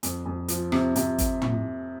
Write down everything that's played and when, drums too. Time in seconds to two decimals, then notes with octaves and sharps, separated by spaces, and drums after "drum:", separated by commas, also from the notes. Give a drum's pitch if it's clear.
0.03 F2, drum: hi-hat
0.26 F2
0.48 F3, drum: hi-hat
0.72 C3, drum: rim click
0.96 C3, drum: hi-hat
1.18 drum: kick, hi-hat
1.42 drum: tom